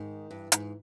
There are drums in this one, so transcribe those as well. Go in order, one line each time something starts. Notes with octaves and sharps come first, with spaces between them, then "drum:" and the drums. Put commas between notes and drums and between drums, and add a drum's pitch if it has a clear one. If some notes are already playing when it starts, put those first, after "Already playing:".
Already playing: G#2 D#3
G2 E3
G#2 E3, drum: hi-hat